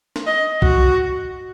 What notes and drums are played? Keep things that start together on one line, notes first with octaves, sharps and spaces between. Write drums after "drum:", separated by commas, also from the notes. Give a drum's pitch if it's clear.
drum: snare
D#5
F#4, drum: kick B1